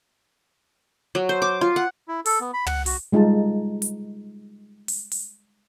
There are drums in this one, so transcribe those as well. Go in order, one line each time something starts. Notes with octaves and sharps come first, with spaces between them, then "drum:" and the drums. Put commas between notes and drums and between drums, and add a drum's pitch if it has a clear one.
F#3
C5
D6
F4
F#5
E4
A4, drum: open hi-hat
B3
B5
F#5, drum: tom
F#4, drum: open hi-hat
G3 G#3 D#4 F4 A5
drum: hi-hat
drum: open hi-hat
drum: open hi-hat